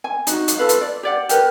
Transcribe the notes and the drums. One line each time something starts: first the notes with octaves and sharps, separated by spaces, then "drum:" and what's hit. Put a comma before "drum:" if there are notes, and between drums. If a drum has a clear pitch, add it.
G#5
D#4 F#4, drum: hi-hat
drum: hi-hat
F4 A4 B4 F5
drum: hi-hat
D5
G4 D5 F#5
G4 A#4 B4, drum: hi-hat